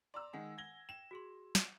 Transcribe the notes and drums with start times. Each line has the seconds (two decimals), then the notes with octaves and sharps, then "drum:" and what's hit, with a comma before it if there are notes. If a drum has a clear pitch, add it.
0.14 D5 A#5 C6 E6
0.33 D#3 G#3 F#5 G#5
0.58 G#6 A#6 G7
0.89 G5 E7
1.11 F#4 G#4 C6
1.55 drum: snare